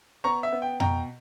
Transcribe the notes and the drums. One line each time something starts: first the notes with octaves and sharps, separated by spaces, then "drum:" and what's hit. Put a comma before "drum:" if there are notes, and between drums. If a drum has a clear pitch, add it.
B3 A#5 C#6
E5
B3
G5
B2 G5 A#5, drum: tom F2